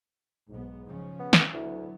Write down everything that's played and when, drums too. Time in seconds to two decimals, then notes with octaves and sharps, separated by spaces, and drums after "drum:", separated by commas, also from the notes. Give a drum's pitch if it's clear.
0.49 B1 G#2 B3
0.87 C#3 F3 C#4
1.20 B3
1.33 drum: snare
1.53 D2 D3 F#3 B3 E4